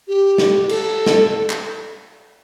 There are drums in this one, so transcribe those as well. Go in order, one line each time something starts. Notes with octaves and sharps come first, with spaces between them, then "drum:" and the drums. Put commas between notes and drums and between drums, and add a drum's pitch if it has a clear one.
G4
drum: snare
A4, drum: cymbal
drum: snare
drum: clap